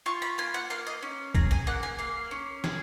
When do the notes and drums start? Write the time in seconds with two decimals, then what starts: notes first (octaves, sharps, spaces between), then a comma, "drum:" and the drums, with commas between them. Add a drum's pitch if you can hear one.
0.06 F4 C#6
0.22 B5
0.38 A#3 G#5
0.54 F#5
0.70 A#3 F5
0.87 D#5
1.02 C#4
1.35 G#4 A#5, drum: kick
1.51 G#5
1.67 A#3 F#5
1.83 G#5
1.99 A#3 F5
2.31 C#4
2.64 G#4, drum: snare